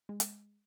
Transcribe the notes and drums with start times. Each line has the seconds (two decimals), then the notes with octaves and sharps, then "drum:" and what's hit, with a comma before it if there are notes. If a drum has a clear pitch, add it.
0.09 G#3
0.20 drum: hi-hat